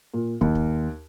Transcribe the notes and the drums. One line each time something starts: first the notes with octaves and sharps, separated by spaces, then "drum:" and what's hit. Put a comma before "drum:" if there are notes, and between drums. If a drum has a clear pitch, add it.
A#2
D#2, drum: kick
drum: kick